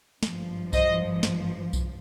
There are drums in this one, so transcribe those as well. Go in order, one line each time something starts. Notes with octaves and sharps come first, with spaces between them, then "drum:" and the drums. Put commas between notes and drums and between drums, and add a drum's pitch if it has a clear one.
G#1 G2 F3, drum: snare
C5 D#5, drum: kick B1, tambourine
drum: snare
drum: kick B1, tambourine